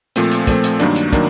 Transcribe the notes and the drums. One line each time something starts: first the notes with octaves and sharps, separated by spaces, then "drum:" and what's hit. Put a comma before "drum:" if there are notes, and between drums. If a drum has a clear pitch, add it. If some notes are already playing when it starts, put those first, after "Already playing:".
A#2 F3 A3 C4, drum: hi-hat
drum: hi-hat
A#2 F3 A3 C4, drum: kick, hi-hat
drum: hi-hat
G2 D#3 F#3 A#3 D4, drum: hi-hat
drum: hi-hat
D#3 F#3 A#3 D4, drum: kick, hi-hat